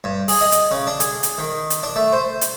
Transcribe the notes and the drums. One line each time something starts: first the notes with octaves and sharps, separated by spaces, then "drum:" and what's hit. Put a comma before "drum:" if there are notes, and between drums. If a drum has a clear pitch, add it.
G2
G#4, drum: open hi-hat
D#5
drum: hi-hat
C#3
D4
G#4, drum: hi-hat
drum: hi-hat
D#3
drum: hi-hat
D4
A3
C5
drum: hi-hat